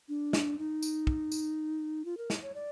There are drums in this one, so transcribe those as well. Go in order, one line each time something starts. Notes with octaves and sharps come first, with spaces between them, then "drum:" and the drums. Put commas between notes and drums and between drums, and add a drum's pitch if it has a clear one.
D4
drum: snare
D#4
drum: tambourine
drum: kick
drum: tambourine
F4
A#4
drum: snare
C#5
D5